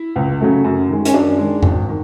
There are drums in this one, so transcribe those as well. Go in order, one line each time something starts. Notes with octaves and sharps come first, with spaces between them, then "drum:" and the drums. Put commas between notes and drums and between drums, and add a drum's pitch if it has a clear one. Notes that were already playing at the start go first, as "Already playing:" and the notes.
Already playing: E4
C#2
C#3 F#3 A3
F#2
D#3 G#3
C#4, drum: hi-hat
F#2 D4
D#3 G#3
G#1, drum: tom F2
D#3